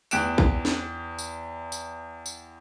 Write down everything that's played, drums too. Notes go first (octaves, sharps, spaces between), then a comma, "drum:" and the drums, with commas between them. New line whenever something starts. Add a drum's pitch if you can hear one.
E2 G4 F#6 D7 E7, drum: tambourine
drum: kick
drum: snare
drum: tambourine
drum: tambourine
drum: tambourine